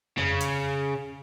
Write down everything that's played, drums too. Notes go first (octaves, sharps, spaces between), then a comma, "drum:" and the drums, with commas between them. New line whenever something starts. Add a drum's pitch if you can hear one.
C#3, drum: tom F2
drum: hi-hat